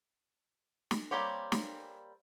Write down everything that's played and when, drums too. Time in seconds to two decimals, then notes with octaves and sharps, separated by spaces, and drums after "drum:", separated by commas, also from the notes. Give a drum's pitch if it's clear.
0.91 drum: snare
1.11 G3 A#3 C4 G4 C#5
1.52 drum: snare